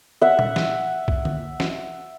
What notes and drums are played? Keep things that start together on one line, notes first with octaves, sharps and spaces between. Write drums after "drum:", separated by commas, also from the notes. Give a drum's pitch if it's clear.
E5 F#5
drum: tom A#2
drum: snare
drum: kick B1
drum: tom
drum: snare